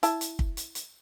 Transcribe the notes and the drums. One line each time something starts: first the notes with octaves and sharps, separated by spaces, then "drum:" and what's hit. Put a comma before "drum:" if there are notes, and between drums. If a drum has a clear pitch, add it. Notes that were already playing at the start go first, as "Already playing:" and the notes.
E4 A5, drum: hi-hat
drum: hi-hat
drum: kick
drum: hi-hat
drum: hi-hat